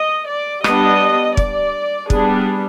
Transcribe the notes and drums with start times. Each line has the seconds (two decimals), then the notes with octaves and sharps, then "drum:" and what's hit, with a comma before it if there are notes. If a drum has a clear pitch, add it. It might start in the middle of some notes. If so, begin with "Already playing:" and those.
Already playing: D#5
0.28 D5
0.64 G3 B3 D4 D#5, drum: rim click
1.37 D5, drum: kick
2.10 G3 B3 D4 G#4, drum: kick